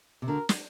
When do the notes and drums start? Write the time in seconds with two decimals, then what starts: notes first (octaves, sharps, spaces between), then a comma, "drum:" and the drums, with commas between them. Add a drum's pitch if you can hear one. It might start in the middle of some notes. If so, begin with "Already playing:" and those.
0.22 C3
0.28 D2 D3 A#4
0.49 drum: snare